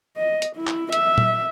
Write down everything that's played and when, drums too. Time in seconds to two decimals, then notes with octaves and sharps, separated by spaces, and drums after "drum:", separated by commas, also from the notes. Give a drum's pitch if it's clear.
0.17 D#5
0.42 drum: hi-hat
0.56 E4
0.67 drum: clap
0.92 E5, drum: hi-hat
1.18 drum: tom A#2